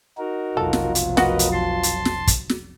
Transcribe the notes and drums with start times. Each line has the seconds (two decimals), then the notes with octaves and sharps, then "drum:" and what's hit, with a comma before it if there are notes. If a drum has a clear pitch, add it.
0.18 D#4 F#4 A#4
0.57 F1 B1 F#3 F4 A4
0.73 drum: snare
0.95 drum: hi-hat
1.17 F#4 A#4 B4 D#5 F#5, drum: snare
1.39 drum: hi-hat
1.53 A5 C6
1.83 drum: hi-hat
2.05 drum: snare
2.27 drum: kick, hi-hat
2.49 drum: snare